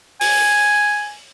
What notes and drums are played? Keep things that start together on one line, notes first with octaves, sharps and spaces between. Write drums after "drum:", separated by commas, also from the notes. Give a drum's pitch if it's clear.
G#5, drum: open hi-hat